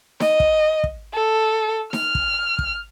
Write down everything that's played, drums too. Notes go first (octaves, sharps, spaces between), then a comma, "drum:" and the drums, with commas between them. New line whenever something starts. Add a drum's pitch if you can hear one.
D#5, drum: snare D#4
drum: kick
drum: kick
A4
F6, drum: snare D#4
drum: kick
drum: kick